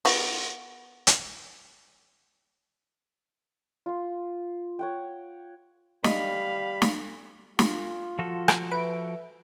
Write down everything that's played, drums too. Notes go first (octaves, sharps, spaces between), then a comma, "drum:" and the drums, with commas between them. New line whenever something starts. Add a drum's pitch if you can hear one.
B3 F#4, drum: open hi-hat
drum: hi-hat
F4 C6
C#5 F#5 G5
G3 D#5 F5 B5, drum: snare
drum: snare
F4, drum: snare
F3 F#4 A4
drum: rim click
B4 E5 D7